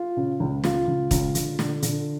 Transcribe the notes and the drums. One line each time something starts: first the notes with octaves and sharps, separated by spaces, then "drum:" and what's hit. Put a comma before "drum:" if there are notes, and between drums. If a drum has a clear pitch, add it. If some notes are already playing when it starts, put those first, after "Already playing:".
Already playing: F4
C#3
C#2
C#2 F4, drum: snare
C#2
C#2, drum: kick, hi-hat
D3, drum: hi-hat
D3, drum: snare
D3, drum: hi-hat